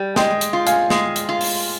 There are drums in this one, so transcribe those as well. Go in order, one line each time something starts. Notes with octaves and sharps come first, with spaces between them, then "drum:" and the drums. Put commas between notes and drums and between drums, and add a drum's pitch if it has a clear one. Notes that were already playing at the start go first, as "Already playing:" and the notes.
Already playing: G3
G#3 D#5 G5, drum: snare
drum: hi-hat
F4
F5 G#5, drum: hi-hat
G#3, drum: snare
drum: hi-hat
F4
drum: open hi-hat